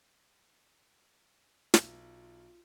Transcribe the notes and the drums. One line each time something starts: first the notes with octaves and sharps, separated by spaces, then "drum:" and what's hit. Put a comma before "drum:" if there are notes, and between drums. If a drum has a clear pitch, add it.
B1 F4, drum: snare